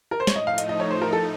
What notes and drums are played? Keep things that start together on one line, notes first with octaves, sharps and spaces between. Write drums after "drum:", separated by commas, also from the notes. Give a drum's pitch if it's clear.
A#4
C5
C#5, drum: snare
A2 F3 A3 D#4 D#5
F5
D#5, drum: hi-hat
D#5
C#5
C5
A#4
A4